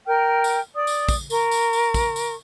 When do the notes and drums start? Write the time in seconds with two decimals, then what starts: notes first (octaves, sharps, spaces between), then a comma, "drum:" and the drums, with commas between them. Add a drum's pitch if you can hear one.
0.06 A#4 G5 F6
0.44 drum: tambourine
0.74 D5 D#6
0.87 drum: tambourine
1.09 drum: kick, tambourine
1.30 A#4 C#6, drum: tambourine
1.51 drum: tambourine
1.73 drum: tambourine
1.94 drum: kick, tambourine
2.16 drum: tambourine